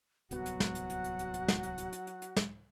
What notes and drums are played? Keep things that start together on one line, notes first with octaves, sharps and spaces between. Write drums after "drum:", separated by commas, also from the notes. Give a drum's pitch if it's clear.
D1 C2 F#3 B3 F#4 F#5, drum: hi-hat
drum: hi-hat
drum: snare
drum: hi-hat
drum: hi-hat
drum: hi-hat
drum: hi-hat
drum: hi-hat
drum: snare
drum: hi-hat
drum: hi-hat
drum: hi-hat
drum: hi-hat
drum: hi-hat
drum: snare